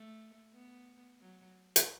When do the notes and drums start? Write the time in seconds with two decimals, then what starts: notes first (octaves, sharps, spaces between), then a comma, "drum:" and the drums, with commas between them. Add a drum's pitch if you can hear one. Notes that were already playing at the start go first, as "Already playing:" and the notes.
Already playing: A3
0.54 B3
1.21 F#3
1.76 drum: hi-hat